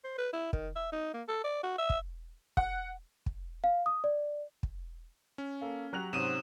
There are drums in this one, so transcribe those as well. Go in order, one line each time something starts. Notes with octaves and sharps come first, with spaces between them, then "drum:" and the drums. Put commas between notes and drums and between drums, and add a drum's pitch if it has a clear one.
C5
B4
E4
D#3, drum: kick
E5
D#4
A#3
A4
D5
F#4
E5
drum: kick
F#5, drum: kick
drum: kick
F5
D#6
D5
drum: kick
C#4
A#3 A4 F5
F#3 F#4 G4 A#5 F#6 F7
G#2 C3 C#4 C5 D#6 D#7 E7